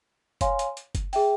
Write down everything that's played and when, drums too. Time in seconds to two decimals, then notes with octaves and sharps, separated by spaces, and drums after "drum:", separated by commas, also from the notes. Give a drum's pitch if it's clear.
0.41 C#5 F5 G#5 C6, drum: kick F#1, hi-hat
0.59 drum: hi-hat
0.77 drum: hi-hat
0.95 drum: kick F#1, hi-hat
1.13 G#4 E5 G5, drum: open hi-hat